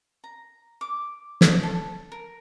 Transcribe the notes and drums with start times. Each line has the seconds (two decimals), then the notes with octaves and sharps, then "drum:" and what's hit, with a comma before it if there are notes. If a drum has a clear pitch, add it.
0.24 A#5
0.81 D6
1.41 drum: snare
1.63 A4
2.12 A#4